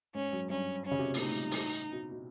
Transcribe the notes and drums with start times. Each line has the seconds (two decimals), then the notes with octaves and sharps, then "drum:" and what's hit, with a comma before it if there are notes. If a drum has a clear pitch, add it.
0.15 G#2 C#4
0.33 F#2
0.50 G2 C#4
0.85 C#4
0.91 C#3
0.99 C3
1.06 B2
1.14 A#2, drum: open hi-hat
1.21 A2 D#4
1.51 drum: open hi-hat
1.92 B2
2.11 B2